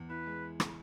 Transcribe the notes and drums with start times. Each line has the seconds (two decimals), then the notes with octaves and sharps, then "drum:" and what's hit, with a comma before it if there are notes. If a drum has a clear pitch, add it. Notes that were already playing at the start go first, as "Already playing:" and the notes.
Already playing: E2
0.10 E4 B4
0.26 G#3
0.60 drum: rim click